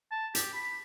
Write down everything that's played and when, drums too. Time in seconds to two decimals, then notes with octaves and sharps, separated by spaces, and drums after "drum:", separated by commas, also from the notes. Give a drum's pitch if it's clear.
0.11 A5
0.35 G4, drum: hi-hat
0.53 B5